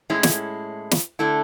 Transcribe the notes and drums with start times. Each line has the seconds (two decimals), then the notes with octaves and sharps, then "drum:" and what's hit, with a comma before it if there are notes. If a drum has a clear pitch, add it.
0.10 A2 G#3 C#4 E4
0.23 drum: snare
0.91 drum: snare
1.19 D3 A3 E4